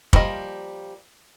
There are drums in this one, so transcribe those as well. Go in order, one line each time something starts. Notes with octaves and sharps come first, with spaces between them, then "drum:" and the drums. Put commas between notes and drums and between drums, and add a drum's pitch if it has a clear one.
F3 G3 A#3 D#5, drum: kick